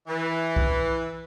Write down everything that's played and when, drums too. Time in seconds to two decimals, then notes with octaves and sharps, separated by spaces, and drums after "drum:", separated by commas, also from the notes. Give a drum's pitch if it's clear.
0.07 E3
0.56 drum: kick B1